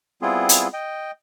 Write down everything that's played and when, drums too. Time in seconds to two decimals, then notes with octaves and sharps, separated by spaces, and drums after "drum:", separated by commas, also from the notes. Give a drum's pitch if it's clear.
0.22 G3 B3 C4 E4 F4 G#4
0.49 drum: hi-hat
0.73 D#5 G5